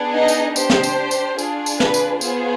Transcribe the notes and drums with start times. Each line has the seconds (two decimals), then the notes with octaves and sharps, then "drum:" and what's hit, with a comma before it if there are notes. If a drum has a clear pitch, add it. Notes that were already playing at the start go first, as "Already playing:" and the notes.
Already playing: B3 D4 G#4
0.14 D#4 D#5
0.28 drum: tambourine
0.56 D4 G4 C5, drum: tambourine
0.70 drum: snare
0.83 drum: tambourine
1.11 drum: tambourine
1.39 D4 F4 G#4, drum: tambourine
1.66 drum: tambourine
1.80 B4, drum: snare
1.94 drum: tambourine
2.21 B3 F4 G#4 C5, drum: tambourine